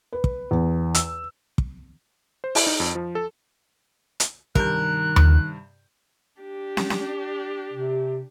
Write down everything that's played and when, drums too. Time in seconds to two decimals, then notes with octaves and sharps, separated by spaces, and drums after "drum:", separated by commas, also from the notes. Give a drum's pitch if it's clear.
0.12 B4
0.24 drum: kick
0.51 E2
0.95 E6, drum: hi-hat
1.58 drum: kick
2.44 C5
2.55 E4, drum: open hi-hat
2.67 D#4
2.80 F2
2.95 F3
3.15 A4
4.20 drum: hi-hat
4.55 G2 C3 D#3 A#4 F#6 G6, drum: kick
5.16 drum: tom D#2
6.41 D4 G4
6.77 drum: snare
6.90 drum: snare
7.73 C3